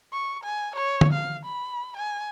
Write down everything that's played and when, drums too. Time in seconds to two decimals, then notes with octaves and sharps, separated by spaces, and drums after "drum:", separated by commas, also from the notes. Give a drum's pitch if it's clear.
0.13 C#6
0.44 G#5
0.76 C#5
1.01 drum: tom D3
1.13 F5
1.45 B5
1.97 G#5